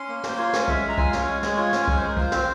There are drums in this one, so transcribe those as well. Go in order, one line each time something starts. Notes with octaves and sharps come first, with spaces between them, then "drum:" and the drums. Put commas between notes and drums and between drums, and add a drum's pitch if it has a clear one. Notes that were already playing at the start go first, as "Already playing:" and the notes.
Already playing: C#4 C6
A#3
A#3 C5, drum: snare
F4 C#5
C#4, drum: snare
G#3 E5, drum: kick C2
G#3
A#5
F4 G#5, drum: kick C2
F5
C#4 C#5, drum: snare
G#3
G#3, drum: snare
F4 C#5
C#4, drum: snare
G#3, drum: kick C2
C#5
C5
G#3
A#4
F4 C5, drum: kick C2
C4, drum: snare